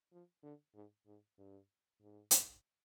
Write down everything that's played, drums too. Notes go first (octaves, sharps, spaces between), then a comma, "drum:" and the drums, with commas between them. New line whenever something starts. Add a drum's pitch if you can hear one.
F3
D3
G#2
G#2
G2
G#2
drum: hi-hat